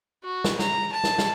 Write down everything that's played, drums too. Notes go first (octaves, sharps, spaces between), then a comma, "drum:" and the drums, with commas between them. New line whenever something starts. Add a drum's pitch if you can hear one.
F#4
drum: snare
A#5, drum: snare
A5
drum: snare
drum: snare